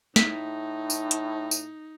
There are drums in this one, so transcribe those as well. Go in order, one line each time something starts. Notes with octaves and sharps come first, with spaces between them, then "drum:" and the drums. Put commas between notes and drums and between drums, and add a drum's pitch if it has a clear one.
A2 D#4 B6, drum: snare
drum: tambourine
drum: hi-hat
drum: tambourine